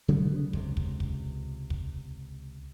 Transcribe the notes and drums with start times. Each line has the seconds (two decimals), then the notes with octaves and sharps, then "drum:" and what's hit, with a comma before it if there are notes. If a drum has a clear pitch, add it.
0.08 C#3 F#3 G3 B3
0.53 C#2 C3, drum: kick
0.77 drum: kick
1.00 drum: kick
1.70 drum: kick